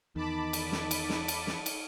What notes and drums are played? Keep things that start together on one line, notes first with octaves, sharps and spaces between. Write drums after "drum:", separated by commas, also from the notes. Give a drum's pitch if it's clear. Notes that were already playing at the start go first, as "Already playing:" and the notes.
E2 D#3 D#4 A5 B5 D6
drum: cymbal
drum: snare
drum: cymbal
drum: snare
drum: cymbal
drum: snare
drum: cymbal